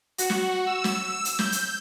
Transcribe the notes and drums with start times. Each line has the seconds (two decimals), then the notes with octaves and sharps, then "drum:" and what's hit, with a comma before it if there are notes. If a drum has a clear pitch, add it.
0.18 F#4, drum: hi-hat
0.30 drum: snare
0.66 E6
0.84 drum: snare
1.03 E6
1.25 drum: hi-hat
1.39 G6, drum: snare
1.52 drum: hi-hat